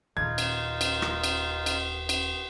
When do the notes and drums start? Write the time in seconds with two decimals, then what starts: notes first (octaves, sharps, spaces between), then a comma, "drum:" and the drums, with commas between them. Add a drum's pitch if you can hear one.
0.17 D#1 D#4 F4 G#6
0.38 drum: cymbal
0.81 drum: cymbal
1.02 drum: rim click
1.24 drum: cymbal
1.66 drum: cymbal
2.09 drum: cymbal